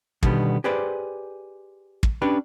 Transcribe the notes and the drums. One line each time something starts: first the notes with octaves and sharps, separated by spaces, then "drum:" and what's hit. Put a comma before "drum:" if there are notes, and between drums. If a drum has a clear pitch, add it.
B2 D3 D#3 G3 B3, drum: kick
G4 G#4 B4 C5 D5
drum: kick
C#4 D4 G4 B4